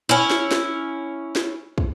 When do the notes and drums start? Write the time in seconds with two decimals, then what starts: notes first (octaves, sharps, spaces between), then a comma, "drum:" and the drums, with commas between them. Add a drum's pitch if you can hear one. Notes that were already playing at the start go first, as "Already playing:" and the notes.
0.09 C#4 E4
0.30 drum: snare
0.51 drum: snare
1.36 drum: snare
1.78 drum: kick